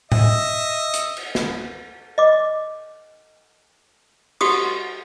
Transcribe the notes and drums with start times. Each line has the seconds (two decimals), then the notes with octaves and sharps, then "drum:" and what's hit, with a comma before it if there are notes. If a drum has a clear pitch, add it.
0.12 D#5 E5, drum: tom A2
0.94 drum: hi-hat
1.17 drum: cymbal
1.35 drum: snare
2.18 D#5 D6
4.41 F#4 G4 D#6, drum: cymbal